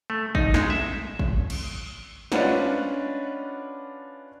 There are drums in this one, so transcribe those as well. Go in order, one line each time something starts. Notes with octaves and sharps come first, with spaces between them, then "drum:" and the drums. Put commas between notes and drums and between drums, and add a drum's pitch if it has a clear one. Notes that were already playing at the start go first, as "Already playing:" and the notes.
A3
D#4, drum: kick
G#3, drum: snare
E5
drum: kick
drum: cymbal
C#4 D4 F4 B4 D#5 F#5, drum: snare